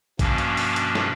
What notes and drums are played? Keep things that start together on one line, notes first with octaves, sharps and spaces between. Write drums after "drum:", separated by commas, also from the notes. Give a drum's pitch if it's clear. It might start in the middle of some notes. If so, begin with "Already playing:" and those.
G2 B2 F3 A#3 C#4 D4, drum: kick A1, hi-hat
drum: hi-hat
drum: open hi-hat
drum: hi-hat
drum: snare